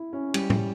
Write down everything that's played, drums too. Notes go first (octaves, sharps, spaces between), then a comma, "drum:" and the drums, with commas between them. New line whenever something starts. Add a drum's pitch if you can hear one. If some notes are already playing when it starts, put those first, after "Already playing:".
Already playing: E4
C#4
G3, drum: cymbal
drum: tom